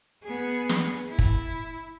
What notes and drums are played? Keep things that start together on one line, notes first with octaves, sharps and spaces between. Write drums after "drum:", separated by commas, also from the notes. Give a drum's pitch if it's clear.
B3 G#4
drum: snare
E4
drum: kick